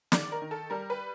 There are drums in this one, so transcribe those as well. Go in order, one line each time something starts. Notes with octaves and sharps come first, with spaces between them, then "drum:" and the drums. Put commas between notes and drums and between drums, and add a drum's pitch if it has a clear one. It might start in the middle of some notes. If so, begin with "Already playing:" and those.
D#3 D5, drum: snare
A#4
D#3
A4
G3 A#4
B4